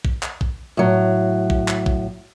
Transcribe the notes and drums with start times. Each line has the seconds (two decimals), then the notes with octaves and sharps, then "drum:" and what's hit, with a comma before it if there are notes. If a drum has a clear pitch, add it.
0.05 drum: kick
0.23 drum: clap
0.41 drum: kick
0.77 A2 F#3
1.50 drum: kick
1.68 drum: clap
1.86 drum: kick